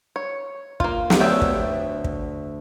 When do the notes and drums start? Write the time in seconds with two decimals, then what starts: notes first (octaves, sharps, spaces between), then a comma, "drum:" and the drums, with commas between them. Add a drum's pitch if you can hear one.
0.16 C#5
0.80 A#3 F4, drum: kick
1.10 drum: snare
1.20 D2 D3 B3 C#5 E5 G5
1.42 drum: kick
2.04 drum: kick